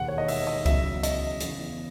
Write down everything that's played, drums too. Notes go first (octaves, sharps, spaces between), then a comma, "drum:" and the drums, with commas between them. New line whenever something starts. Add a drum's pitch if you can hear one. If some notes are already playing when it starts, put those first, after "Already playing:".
Already playing: E1 D#2 D#3 F#5
C#5
D#5
E5, drum: open hi-hat
D#5
E2 C#3 F#3 E5, drum: kick C#2, hi-hat
D#5, drum: hi-hat
E2 C#3 E3, drum: hi-hat